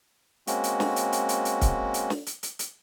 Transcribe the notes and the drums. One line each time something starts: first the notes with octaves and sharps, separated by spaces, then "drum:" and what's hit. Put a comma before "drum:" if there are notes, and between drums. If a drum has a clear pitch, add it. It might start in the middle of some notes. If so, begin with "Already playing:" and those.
G#3 A#3 C4 C#4 F#4, drum: hi-hat
drum: hi-hat
drum: snare
drum: hi-hat
drum: hi-hat
drum: hi-hat
drum: hi-hat
drum: kick C#1, hi-hat
drum: hi-hat
drum: snare
drum: hi-hat
drum: hi-hat
drum: hi-hat